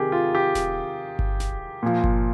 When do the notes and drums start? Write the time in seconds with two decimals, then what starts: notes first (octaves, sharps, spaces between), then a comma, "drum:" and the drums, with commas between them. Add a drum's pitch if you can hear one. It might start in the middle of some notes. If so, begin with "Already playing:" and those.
Already playing: C3 D#3 G4 G#4 A#4
0.12 F4
0.35 G4
0.55 drum: snare D#1
1.19 drum: kick G1
1.40 drum: snare D#1
1.83 A#2 F3
2.04 drum: kick G1